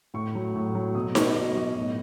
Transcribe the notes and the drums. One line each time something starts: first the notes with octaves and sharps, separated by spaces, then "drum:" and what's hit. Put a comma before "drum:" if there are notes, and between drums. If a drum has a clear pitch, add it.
A2 C#6
F#3
A2
F#3
B2 D#6
F#3 C#6, drum: snare D#4
B2 D#5
F#3
A2